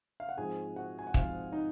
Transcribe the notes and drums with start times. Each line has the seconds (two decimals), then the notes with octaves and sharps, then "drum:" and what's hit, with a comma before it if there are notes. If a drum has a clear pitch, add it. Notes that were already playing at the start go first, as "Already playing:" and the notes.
0.20 F5
0.29 F#5
0.37 G#2 F3 C4 G#4 G#5
0.76 F#4 F#5
0.99 G#5
1.07 F#5
1.14 G#2 F3 C4 F4 F5, drum: kick
1.52 D#4 D#5